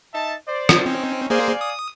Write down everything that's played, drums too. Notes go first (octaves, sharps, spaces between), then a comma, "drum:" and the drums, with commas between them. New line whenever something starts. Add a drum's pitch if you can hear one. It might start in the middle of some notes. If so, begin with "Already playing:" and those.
D#4 E5 A5
C5 D5
drum: rim click
C4 C#4 D#4
A#3 G#4 C5 D5 F5 G#5
D#6